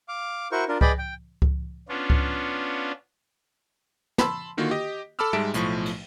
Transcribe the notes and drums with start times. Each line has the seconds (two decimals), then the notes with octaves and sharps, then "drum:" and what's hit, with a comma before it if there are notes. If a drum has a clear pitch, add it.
0.08 F5 D6
0.52 E4 F#4 A#4 C5 C#6
0.68 D4 F4 A#4
0.81 G#4 B4 D5 D#5 G5 B5, drum: kick C#2
0.98 G5
1.42 drum: kick C#2
1.89 B3 C#4 D4 F4
2.10 drum: kick C#2
4.18 A5 B5 C6 E6, drum: snare
4.57 D3 D#3 A#3 F4 F#4
4.71 G4 D#5
5.19 A4 A5 B5 D6 E6 F6
5.33 G#2 G3 G#3 E5 A5 D7
5.54 B1 A2 F3 C#6, drum: hi-hat
5.86 drum: cymbal